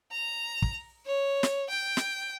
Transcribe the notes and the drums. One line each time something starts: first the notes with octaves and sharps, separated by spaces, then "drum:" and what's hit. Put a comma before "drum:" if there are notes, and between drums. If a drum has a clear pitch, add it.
A#5
drum: kick
C#5
drum: snare
G5
drum: snare